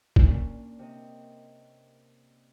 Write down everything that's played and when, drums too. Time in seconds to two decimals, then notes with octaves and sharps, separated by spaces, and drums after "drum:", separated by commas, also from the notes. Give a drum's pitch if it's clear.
0.16 A#2 A#3 C#4 D4, drum: kick
0.79 C3 D#5